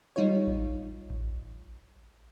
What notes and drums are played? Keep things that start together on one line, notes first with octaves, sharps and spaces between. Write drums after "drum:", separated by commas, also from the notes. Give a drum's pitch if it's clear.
G3 D#4 F4 C#5
drum: kick A1
drum: kick A1